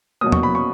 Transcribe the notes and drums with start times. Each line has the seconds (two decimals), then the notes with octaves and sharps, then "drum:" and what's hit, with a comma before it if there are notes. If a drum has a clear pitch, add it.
0.21 B2 F#3 A#3 D#6
0.32 C#6, drum: tom
0.43 B5
0.55 C#6